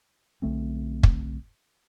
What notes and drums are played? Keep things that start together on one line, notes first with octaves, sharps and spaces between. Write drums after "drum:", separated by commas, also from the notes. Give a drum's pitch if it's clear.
B1 D3 A3 C4
drum: kick